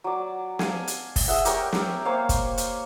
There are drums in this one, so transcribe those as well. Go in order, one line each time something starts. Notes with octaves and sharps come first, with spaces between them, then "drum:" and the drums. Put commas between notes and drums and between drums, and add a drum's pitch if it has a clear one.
F#3 D5
F5 G#5 A5, drum: snare
drum: hi-hat
drum: kick, open hi-hat
G#4 E5 F#5
G4 A#4 C#5 G5, drum: hi-hat
drum: snare
A#3 C5 C#5 F5
drum: kick, hi-hat
drum: hi-hat